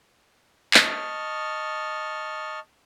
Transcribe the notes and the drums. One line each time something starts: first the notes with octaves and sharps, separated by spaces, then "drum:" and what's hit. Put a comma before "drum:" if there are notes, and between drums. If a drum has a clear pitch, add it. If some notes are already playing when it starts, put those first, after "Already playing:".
D#5 A5 C#6 F6, drum: clap